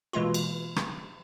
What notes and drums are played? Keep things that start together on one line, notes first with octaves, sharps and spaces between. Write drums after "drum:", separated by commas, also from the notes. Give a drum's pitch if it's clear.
B2 E3 G#3 A#3 F4
drum: cymbal
drum: rim click